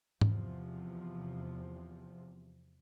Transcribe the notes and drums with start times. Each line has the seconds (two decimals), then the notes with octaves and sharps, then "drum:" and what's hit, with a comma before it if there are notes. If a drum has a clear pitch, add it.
0.21 E2 C3 F3, drum: tom G#2